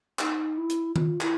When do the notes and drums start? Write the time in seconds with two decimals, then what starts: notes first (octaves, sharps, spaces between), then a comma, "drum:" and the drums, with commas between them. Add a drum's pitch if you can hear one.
0.19 D#4, drum: clap
0.57 E4
0.70 drum: hi-hat
0.96 F4, drum: tom D#3
1.21 E4, drum: clap